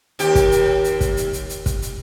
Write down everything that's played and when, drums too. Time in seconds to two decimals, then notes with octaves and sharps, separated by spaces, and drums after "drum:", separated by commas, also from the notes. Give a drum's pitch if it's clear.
0.19 D#2 G4, drum: hi-hat
0.35 drum: kick, hi-hat
0.52 drum: hi-hat
0.84 drum: hi-hat
1.01 drum: kick, hi-hat
1.17 drum: hi-hat
1.33 drum: hi-hat
1.49 drum: hi-hat
1.66 drum: kick, hi-hat
1.82 drum: hi-hat